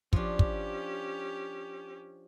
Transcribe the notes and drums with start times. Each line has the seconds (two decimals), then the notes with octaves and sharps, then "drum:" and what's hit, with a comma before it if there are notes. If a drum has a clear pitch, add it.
0.13 F3 C#4 D4 G4, drum: kick
0.39 drum: kick